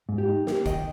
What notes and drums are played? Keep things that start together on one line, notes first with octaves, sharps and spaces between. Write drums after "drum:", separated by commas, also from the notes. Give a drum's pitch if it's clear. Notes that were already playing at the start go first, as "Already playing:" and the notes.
G#2
G4
D#4
A#3 G4 A#4, drum: snare
D#3 D#5 G5, drum: kick, hi-hat